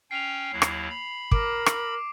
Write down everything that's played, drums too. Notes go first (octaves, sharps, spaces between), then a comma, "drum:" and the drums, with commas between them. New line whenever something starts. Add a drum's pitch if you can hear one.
C#4 G5 C7 F7
D#2 F#3 E4
drum: rim click
B5
A#4 D6 D7, drum: kick
drum: rim click